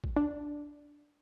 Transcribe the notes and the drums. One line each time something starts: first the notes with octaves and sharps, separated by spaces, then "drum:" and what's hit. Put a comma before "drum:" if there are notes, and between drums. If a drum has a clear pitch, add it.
drum: kick
D4